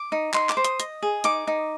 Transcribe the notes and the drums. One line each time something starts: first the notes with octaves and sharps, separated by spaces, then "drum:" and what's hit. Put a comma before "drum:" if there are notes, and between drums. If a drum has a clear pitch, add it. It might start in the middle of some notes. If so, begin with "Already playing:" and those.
Already playing: D6
D#4
D#4 C6, drum: clap
D6, drum: clap
C5
D#6, drum: hi-hat
D#5, drum: hi-hat
G#4
D#4 D6, drum: hi-hat
D#4